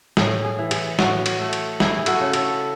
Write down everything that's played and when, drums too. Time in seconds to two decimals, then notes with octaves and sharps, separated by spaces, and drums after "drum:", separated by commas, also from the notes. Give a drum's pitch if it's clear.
0.17 A2 G#4, drum: snare
0.45 G#4
0.58 E3
0.71 G#4, drum: cymbal
0.99 A2 F#4, drum: snare
1.26 drum: cymbal
1.39 A3
1.53 drum: cymbal
1.80 E4 G#4, drum: snare
1.97 G#4
2.06 F#4 A4, drum: cymbal
2.20 C#3
2.33 A4 C#5, drum: cymbal